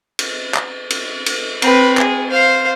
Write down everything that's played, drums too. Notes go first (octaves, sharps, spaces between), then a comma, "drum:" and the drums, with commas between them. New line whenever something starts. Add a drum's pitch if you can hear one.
drum: cymbal
drum: clap
drum: cymbal
drum: cymbal
C4 B4, drum: cymbal
G#4, drum: clap
C5 F5